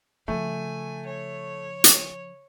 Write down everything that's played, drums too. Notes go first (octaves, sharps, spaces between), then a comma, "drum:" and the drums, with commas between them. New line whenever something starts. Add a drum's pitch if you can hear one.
C#3 F3 A3 G#5
C#5
drum: hi-hat